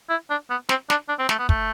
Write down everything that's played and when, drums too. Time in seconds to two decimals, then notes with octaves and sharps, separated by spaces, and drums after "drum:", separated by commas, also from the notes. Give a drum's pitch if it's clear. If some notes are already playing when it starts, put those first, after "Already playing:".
0.10 E4
0.30 D4
0.50 B3
0.69 C4, drum: snare
0.90 D4, drum: snare
1.09 D4
1.19 C4
1.29 A3, drum: snare
1.39 B3
1.49 A3, drum: kick